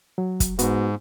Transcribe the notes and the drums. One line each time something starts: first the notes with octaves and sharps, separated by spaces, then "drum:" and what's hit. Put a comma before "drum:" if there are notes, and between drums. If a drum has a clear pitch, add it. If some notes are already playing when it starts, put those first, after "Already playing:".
F#3
drum: kick, hi-hat
G#2 B3 F#4, drum: hi-hat